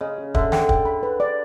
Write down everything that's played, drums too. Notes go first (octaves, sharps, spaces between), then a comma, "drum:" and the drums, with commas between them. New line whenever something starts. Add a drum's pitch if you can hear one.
C#3 D#5
G#4
D3 E5, drum: kick
D3 G5, drum: snare
G5, drum: kick
B5
B4
D5